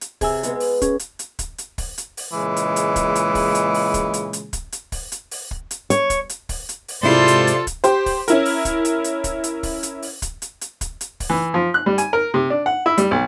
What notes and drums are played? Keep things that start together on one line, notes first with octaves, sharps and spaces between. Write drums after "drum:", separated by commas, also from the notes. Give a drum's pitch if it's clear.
drum: hi-hat
C3 G#4 G#5 E6, drum: kick, open hi-hat
G#3 B3, drum: hi-hat
drum: open hi-hat
C#4 G#4, drum: kick, hi-hat
drum: hi-hat
drum: hi-hat
drum: kick, hi-hat
drum: hi-hat
drum: kick, open hi-hat
drum: hi-hat
drum: open hi-hat
A#2 C#3 E3 G#3
drum: hi-hat
drum: hi-hat
drum: kick, hi-hat
drum: hi-hat
drum: kick, open hi-hat
drum: hi-hat
drum: open hi-hat
drum: kick, hi-hat
drum: hi-hat
drum: hi-hat
drum: kick, hi-hat
drum: hi-hat
drum: kick, open hi-hat
drum: hi-hat
drum: open hi-hat
drum: kick
drum: hi-hat
C#5, drum: hi-hat
drum: kick, hi-hat
drum: hi-hat
drum: kick, open hi-hat
drum: hi-hat
drum: open hi-hat
G#2 C3 E4 F4 A4 C5 D5
drum: hi-hat
drum: hi-hat
drum: kick, hi-hat
G4 C5, drum: hi-hat
drum: kick, open hi-hat
C#4 E4 A#4, drum: hi-hat
drum: open hi-hat
drum: kick, hi-hat
drum: hi-hat
drum: hi-hat
drum: kick, hi-hat
drum: hi-hat
drum: kick, open hi-hat
drum: hi-hat
drum: open hi-hat
drum: kick, hi-hat
drum: hi-hat
drum: hi-hat
drum: kick, hi-hat
drum: hi-hat
drum: kick, open hi-hat
E3
F3
F#6
G3
G#5, drum: hi-hat
A#4
C3
D4
F#5
E4
G3, drum: hi-hat
B1